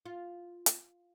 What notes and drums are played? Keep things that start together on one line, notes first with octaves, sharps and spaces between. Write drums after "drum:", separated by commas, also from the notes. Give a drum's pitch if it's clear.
F4
drum: hi-hat